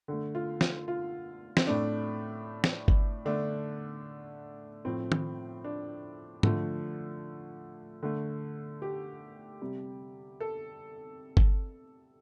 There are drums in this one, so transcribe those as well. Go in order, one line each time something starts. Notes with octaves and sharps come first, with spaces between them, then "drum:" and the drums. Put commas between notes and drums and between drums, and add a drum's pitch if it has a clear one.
D3 A3
F4
F4, drum: snare
F4
C4, drum: snare
A2 A3 D4
drum: snare
drum: kick G1
D3 A3 D4
A2 F3 A3 C4
drum: tom
D4
D3 F3 A3, drum: tom
D3 A3
G4
C3 G3
A4
drum: kick G1